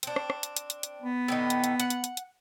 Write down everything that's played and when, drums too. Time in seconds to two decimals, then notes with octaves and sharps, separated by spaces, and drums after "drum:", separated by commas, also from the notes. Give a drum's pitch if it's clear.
0.03 C4 D4, drum: hi-hat
0.16 drum: rim click
0.30 drum: rim click
0.43 drum: hi-hat
0.57 drum: hi-hat
0.70 drum: hi-hat
0.83 drum: hi-hat
1.03 B3
1.28 A2 D3 D#4
1.50 drum: hi-hat
1.64 drum: hi-hat
1.80 F#5, drum: hi-hat
1.90 drum: hi-hat
2.04 drum: hi-hat
2.17 drum: hi-hat